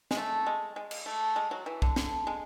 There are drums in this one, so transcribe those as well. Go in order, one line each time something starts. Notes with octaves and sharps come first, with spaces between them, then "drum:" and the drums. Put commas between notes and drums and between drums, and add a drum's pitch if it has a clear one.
G#3, drum: snare
A3
G#3
G#3
drum: cymbal
A3
G#3
F#3
E3
D3, drum: kick
D3, drum: snare
G#3